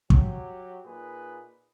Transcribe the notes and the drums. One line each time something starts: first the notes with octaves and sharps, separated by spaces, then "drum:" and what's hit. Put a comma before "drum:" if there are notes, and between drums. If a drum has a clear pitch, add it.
F#3 G4, drum: kick
A#2 D#4 G#4 B4